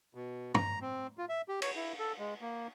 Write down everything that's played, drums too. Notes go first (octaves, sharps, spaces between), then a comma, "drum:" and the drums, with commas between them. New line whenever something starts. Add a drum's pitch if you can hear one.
B2
A#5, drum: tom
C4
F4
E5
G4
C#5, drum: cymbal
E4
A4
G#3
A#3